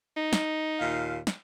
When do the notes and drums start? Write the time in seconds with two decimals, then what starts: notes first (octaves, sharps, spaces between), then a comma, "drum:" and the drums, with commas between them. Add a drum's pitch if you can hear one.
0.17 D#4
0.33 drum: snare
0.80 D#2 A#2 F5
1.27 drum: snare